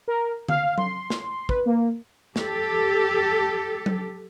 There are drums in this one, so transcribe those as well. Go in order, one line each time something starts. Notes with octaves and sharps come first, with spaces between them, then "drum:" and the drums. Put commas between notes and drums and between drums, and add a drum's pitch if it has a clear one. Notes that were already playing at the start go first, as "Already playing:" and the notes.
A#4
F5, drum: tom D3
C6, drum: tom F#3
drum: snare
B4, drum: kick
A#3
G4 A4, drum: snare
drum: tom F#3